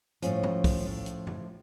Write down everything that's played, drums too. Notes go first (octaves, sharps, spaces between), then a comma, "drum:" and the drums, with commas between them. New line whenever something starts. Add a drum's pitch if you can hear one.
A2 F3 C#4, drum: hi-hat
drum: tom
drum: kick, open hi-hat
A2 F3
drum: hi-hat
drum: tom F#2